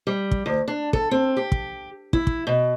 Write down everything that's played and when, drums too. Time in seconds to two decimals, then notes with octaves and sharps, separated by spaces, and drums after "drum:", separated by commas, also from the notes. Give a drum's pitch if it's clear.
0.07 G3
0.31 drum: kick
0.46 D2
0.68 D4
0.93 A4, drum: kick
1.11 C4
1.37 G4
1.52 drum: kick
2.13 E4, drum: kick
2.27 drum: kick
2.47 B2